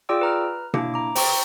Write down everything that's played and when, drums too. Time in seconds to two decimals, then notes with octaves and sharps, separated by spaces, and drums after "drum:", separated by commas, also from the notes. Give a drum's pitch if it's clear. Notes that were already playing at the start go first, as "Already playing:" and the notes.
0.09 F4 G#4 D5 G5 D6 E6
0.21 B4 A#5 F6
0.74 A#3 D4 E4 D6, drum: tom B2
0.94 A#5 D6
1.15 C5 G5 A#5 C#6, drum: open hi-hat